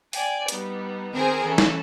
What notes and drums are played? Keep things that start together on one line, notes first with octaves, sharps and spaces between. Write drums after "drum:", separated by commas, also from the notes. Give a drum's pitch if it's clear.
D5 G5 G#5, drum: open hi-hat
G3 B3 D#4, drum: hi-hat
D#3 C4 G#4 A#4 C5
E3 C#4 A4
drum: snare